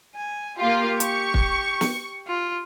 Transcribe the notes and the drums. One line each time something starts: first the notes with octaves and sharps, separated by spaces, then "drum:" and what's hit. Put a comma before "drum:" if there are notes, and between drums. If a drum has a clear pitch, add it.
G#5
A#3 F4 G4
C#6, drum: hi-hat
drum: kick
drum: snare
F4